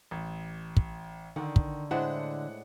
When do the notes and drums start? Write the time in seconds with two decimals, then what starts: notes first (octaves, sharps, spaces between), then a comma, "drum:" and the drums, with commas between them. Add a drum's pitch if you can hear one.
0.11 A1
0.77 drum: kick
1.36 D3 D#3 F#5
1.56 drum: kick
1.91 A2 G#3 D4 E4 C5 F#5